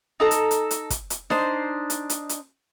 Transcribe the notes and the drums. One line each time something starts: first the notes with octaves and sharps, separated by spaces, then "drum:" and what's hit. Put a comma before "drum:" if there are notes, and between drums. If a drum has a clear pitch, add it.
D#4 A4 A#5
drum: hi-hat
drum: hi-hat
drum: hi-hat
drum: kick, hi-hat
drum: hi-hat
D4 D#4 C5, drum: snare D#4
drum: hi-hat
drum: hi-hat
drum: hi-hat